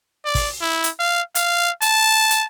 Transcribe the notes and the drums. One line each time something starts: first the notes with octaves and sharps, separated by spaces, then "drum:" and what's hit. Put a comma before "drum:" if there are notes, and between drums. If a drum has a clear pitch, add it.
D5
drum: kick, open hi-hat
E4
drum: hi-hat
F5
F5, drum: hi-hat
A5, drum: hi-hat
drum: hi-hat